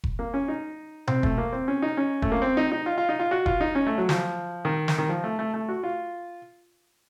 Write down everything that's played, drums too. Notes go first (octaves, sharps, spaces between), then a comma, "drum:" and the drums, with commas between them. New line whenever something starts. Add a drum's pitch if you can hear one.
drum: kick F1
A#3
C#4
D#4
C4, drum: tom B2
A3, drum: kick F1
A#3
C4
C#4
D#4
C#4
A3, drum: kick F1
A#3
C4
D#4
D#4
F4
F4
D#4
F4
F#4
F4, drum: kick F1
D#4
C#4
A3
F#3
F3, drum: snare
D#3
drum: snare
D#3
F3
A3
A3
A3
F#4
F4